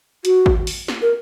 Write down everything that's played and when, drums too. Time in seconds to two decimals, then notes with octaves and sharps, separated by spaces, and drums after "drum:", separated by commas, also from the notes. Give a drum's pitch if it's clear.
0.25 F#4, drum: hi-hat
0.46 drum: kick G#1
0.67 drum: open hi-hat
0.88 drum: snare
1.02 A#4